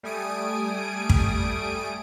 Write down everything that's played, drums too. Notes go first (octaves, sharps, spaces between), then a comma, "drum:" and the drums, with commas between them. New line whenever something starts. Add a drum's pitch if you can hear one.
G3 A3 G#5 D#6 D7
drum: kick